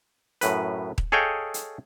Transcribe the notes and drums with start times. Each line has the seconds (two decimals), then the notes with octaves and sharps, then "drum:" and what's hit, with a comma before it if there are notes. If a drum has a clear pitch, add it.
0.41 F#2 A2 B4, drum: hi-hat
0.98 drum: kick D#1
1.12 G#4 A4 C#5 D#5 F5 G5
1.54 drum: hi-hat